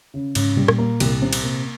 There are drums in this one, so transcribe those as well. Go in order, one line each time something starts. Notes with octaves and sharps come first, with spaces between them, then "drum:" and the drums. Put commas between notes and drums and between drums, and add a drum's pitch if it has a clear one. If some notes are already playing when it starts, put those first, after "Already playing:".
C#3
G#2 C#3, drum: cymbal
C3 G3
A#2, drum: rim click
A#3
C2, drum: cymbal
C3
drum: cymbal
A#3